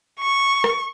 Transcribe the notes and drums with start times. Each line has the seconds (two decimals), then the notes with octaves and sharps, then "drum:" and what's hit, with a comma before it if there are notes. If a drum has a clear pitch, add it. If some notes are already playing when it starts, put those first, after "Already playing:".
0.20 C#6
0.64 drum: rim click